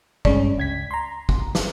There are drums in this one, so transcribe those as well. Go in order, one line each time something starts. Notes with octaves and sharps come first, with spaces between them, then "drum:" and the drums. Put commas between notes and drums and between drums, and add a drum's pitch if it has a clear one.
G2 G#3 C#4 D5, drum: kick
C#2 G#6 B6
A#5 C6
drum: kick
drum: snare